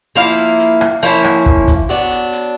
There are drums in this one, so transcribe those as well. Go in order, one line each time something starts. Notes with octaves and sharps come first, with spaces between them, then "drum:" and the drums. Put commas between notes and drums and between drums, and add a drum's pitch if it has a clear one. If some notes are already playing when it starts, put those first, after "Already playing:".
F3 A#3 E4 F5, drum: hi-hat
drum: hi-hat
drum: hi-hat
drum: rim click
F3 A#3 C#4 E4, drum: hi-hat
drum: rim click
drum: kick
drum: kick, hi-hat
F#3 B3 D4, drum: hi-hat
drum: hi-hat
drum: hi-hat